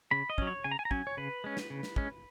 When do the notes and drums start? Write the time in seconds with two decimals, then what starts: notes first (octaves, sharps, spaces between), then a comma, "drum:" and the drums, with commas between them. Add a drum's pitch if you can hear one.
0.11 C#3 B5
0.30 D#5
0.38 F#3 C#4, drum: kick
0.47 C#5
0.64 C#3 G#5
0.71 A#5
0.79 G#5
0.85 A#5
0.91 F#3 C#4 G#5, drum: kick
1.07 C#5
1.17 C#3 B4
1.44 G#3 C#4
1.57 drum: snare
1.70 C#3
1.83 drum: snare
1.96 G#3 C#4, drum: kick